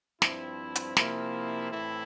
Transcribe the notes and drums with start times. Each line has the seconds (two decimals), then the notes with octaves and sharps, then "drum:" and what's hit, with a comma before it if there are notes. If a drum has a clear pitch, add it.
0.22 G2 F3 C4 E4, drum: snare
0.75 drum: hi-hat
0.97 C3 F3 A#3 E4, drum: snare
1.71 A2 E3 A3 C4 E4